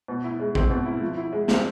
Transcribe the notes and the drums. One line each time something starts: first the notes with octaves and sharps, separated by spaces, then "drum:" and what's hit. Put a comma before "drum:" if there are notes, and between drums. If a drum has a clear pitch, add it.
B2
E4
G#3
C4, drum: kick A1
B2
E4
F3
E4
G#3
C4, drum: snare